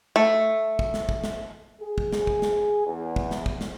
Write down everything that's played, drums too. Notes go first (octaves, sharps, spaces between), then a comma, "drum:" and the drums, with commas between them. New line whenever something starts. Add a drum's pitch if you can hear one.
A3
drum: kick
drum: snare
drum: kick
drum: snare
G#4
drum: kick
drum: snare
drum: kick
drum: snare
E2
drum: kick
drum: snare
drum: kick
drum: snare